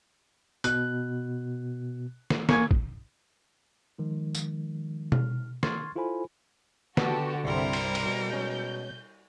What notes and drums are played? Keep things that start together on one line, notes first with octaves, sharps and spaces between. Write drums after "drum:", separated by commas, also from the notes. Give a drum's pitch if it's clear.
B2 F#6, drum: hi-hat
drum: snare
A#3 G#5 C#6 G#6, drum: snare
drum: kick
D#3 F3 G#3
drum: tambourine
F6, drum: tom B2
C6 C#6 F6 G#6 A6, drum: snare
E4 F4 A4 C5 G#5 B5
D3 B3 F#4 G4 A5, drum: snare
C2 G2 G3 C4 E4 A#4 C6
drum: cymbal
B2, drum: cymbal
G#3 C#4 G6